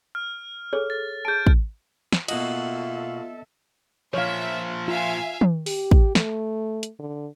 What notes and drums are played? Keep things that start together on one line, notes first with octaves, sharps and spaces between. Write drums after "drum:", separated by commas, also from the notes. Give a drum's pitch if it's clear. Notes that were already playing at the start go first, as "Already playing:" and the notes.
F6
G#4 A4 C#5
A6
G#4 A5 G6 D7
drum: kick
drum: snare
B2 A#3 B3 F4 F#4 A4 D#5 E5, drum: cymbal
A#2 F3 C#5 E5 F5
F4 E5 F5 G#5
drum: tom
G4, drum: open hi-hat
drum: kick
A3, drum: snare
drum: hi-hat
D3